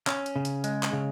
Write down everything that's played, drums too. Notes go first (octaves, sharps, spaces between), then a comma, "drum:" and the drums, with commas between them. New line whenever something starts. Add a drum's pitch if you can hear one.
C#4, drum: clap
drum: hi-hat
C#3
drum: hi-hat
G#3, drum: hi-hat
drum: clap
C#3